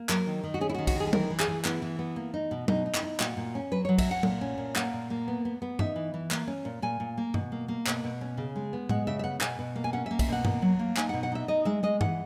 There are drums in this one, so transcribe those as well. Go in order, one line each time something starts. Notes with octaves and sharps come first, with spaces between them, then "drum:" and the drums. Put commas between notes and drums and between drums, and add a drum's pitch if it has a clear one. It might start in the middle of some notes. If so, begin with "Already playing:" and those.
Already playing: A#3
F#3 A#4, drum: clap
D#3
D#3
F#4
C#4 G#4
E4
F#4
D#3
F#4, drum: kick, cymbal
D#3 G#4
G#4
E3 A#4, drum: tom F#3
E3
G#4, drum: clap
E3
B3 E4, drum: clap
E3
B3
A#3
D#4
B2
B2 D#4, drum: tom F#3
D#4
E4, drum: clap
D#4
A#2 F#4, drum: clap
A#2
C#4
F#3 B4
F#3 C#5
E5, drum: kick, cymbal
C#4 F#5
A#2, drum: tom F#3
C#4
A#2
A#3 F#5, drum: clap
A#2
A#3
B3
B3
B3
D#4 E5, drum: tom G2
E3
E3
A#3, drum: clap
C#4
A#2
A#2 G#5
A#2
A#3
B2, drum: tom G2
A#3
A#3
B2, drum: clap
B2
C#4
C#3
G#3
B3
G#3 F#5, drum: tom A2
C#3 E5
E5
B3 F#5
B2 G#5, drum: clap
B2
A#3
G#5
C#4 F#5
E5
A#3
E5, drum: kick, cymbal
B2 F#5
A#3, drum: tom G2
F#3
A#3
D#4 G#5, drum: clap
F#5
B2
F#5
D#4 E5
D#4 D#5
G#3 E5
G#3 D#5
E3 F#5, drum: tom G2